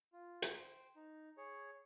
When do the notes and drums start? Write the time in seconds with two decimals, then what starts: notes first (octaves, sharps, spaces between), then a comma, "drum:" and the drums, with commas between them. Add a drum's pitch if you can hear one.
0.13 F4
0.42 drum: hi-hat
0.54 C5 G5
0.96 D#4
1.37 G#4 C#5